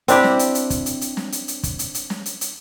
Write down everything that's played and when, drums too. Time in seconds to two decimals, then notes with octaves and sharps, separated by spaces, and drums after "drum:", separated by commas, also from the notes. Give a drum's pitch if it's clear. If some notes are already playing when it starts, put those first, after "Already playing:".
0.08 C4 D4 E4 G4, drum: hi-hat
0.24 drum: snare
0.39 drum: hi-hat
0.55 drum: hi-hat
0.70 drum: kick, hi-hat
0.86 drum: hi-hat
1.01 drum: hi-hat
1.17 drum: snare
1.32 drum: hi-hat
1.48 drum: hi-hat
1.63 drum: kick, hi-hat
1.79 drum: hi-hat
1.94 drum: hi-hat
2.10 drum: snare
2.26 drum: hi-hat
2.41 drum: hi-hat